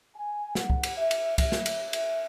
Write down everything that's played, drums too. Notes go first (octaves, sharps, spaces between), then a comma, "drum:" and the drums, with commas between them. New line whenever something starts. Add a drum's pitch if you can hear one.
G#5
C3 D#3 G#3 F#5, drum: snare
drum: kick
drum: cymbal
E5
drum: cymbal
A2 F#3 A3 E5, drum: kick, cymbal
drum: snare
drum: cymbal
drum: cymbal